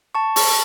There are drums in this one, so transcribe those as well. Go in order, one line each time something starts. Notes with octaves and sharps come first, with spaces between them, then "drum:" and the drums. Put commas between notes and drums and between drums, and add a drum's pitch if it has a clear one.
A5 C#6
A5 C#6, drum: open hi-hat